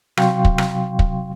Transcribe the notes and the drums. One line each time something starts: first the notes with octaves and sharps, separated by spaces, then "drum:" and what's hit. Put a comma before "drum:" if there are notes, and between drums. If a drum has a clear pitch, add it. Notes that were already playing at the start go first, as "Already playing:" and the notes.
C3 F#3 F5 G5 C6 C#6, drum: rim click
drum: kick
drum: rim click
drum: kick